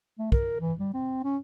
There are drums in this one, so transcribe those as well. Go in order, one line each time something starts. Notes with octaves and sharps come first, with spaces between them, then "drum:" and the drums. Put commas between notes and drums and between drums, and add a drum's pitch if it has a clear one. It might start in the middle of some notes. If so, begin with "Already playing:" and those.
A3
A#4, drum: kick
E3
G3
C4
C#4